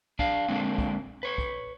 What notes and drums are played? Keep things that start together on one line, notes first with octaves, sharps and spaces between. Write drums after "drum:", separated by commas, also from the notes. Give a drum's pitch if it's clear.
D4 F5, drum: kick
D3 G#3 A#3 C4 D4
drum: kick
B4 C#5
drum: kick